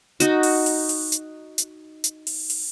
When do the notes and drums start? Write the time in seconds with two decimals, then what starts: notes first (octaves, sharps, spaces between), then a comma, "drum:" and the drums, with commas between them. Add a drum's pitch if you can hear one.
0.20 D#4 F#4, drum: hi-hat
0.43 drum: open hi-hat
0.66 drum: open hi-hat
0.89 drum: open hi-hat
1.12 drum: hi-hat
1.58 drum: hi-hat
2.04 drum: hi-hat
2.27 drum: open hi-hat
2.50 drum: open hi-hat